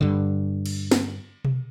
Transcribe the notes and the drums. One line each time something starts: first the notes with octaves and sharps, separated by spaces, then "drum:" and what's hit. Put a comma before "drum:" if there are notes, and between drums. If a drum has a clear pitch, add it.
G2 D3
drum: cymbal
drum: snare
drum: tom B2